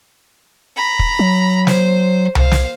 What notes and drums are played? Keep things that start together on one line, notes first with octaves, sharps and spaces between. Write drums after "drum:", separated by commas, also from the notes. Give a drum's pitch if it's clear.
A#5 B5
drum: kick
F#3
C5, drum: snare
C5 F5, drum: tom C2
drum: snare